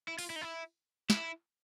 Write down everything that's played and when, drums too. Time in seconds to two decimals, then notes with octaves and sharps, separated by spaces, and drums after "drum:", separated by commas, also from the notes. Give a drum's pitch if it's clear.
0.08 E4
0.19 F4, drum: open hi-hat
0.30 E4
0.36 D#4
0.41 E4
1.10 E4, drum: snare